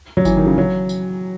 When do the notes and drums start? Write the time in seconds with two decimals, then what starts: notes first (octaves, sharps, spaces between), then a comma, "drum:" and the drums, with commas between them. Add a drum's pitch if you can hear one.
0.17 F#3
0.25 E3, drum: kick G1, tambourine
0.37 D#3
0.47 C#3
0.58 F#3
0.89 drum: tambourine